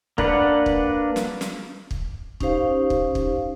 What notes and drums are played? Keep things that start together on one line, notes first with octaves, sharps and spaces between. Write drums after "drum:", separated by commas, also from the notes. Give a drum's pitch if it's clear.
A#3 D4 B4 D5 F#5, drum: kick
drum: kick
drum: snare
drum: snare
drum: kick
C#4 D#4 G4 C5 F5, drum: kick
drum: kick
drum: kick